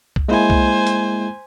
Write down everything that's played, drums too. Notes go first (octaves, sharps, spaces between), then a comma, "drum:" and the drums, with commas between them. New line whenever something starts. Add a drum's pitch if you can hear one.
drum: kick C2
G#3 A#3 E4 C5 G#5
drum: kick C2
drum: hi-hat